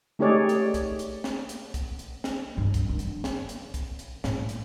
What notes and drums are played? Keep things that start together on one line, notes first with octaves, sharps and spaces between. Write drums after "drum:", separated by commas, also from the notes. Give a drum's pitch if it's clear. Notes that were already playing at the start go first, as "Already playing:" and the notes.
A3 D#4 G4 G#4 C#5 D5
drum: hi-hat
drum: kick, hi-hat
drum: hi-hat
drum: snare
drum: hi-hat
drum: kick, hi-hat
drum: hi-hat
drum: snare
G2 D#4
drum: kick, hi-hat
D#3 D4
drum: hi-hat
drum: snare
drum: hi-hat
drum: kick, hi-hat
drum: hi-hat
A2, drum: snare
drum: hi-hat